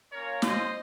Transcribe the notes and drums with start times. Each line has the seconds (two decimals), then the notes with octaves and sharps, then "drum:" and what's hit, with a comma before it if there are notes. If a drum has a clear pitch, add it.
0.13 A#3 C#4 F4 A#4 C#5
0.42 C5 D#5, drum: snare